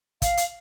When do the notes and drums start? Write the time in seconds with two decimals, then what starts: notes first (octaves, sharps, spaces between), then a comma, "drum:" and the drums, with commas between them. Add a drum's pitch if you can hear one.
0.22 F5, drum: kick, hi-hat
0.37 drum: hi-hat